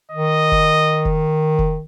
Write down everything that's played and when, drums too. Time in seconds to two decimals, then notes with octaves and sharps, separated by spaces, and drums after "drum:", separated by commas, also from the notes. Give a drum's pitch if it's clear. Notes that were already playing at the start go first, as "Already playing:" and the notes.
0.12 D#3 D#5
0.52 drum: kick F1
1.05 drum: kick F1
1.59 drum: kick F1